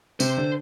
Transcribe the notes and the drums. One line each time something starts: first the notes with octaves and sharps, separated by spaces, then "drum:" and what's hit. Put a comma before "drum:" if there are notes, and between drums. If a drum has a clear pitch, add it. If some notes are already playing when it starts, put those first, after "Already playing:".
C3 C5, drum: tambourine
D3